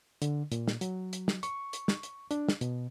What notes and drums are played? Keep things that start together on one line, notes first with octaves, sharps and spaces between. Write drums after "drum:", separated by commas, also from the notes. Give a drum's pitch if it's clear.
D3, drum: hi-hat
A#2, drum: hi-hat
drum: snare
F#3, drum: hi-hat
drum: hi-hat
drum: snare
C#6, drum: hi-hat
drum: hi-hat
drum: snare
drum: hi-hat
D4, drum: hi-hat
drum: snare
B2, drum: hi-hat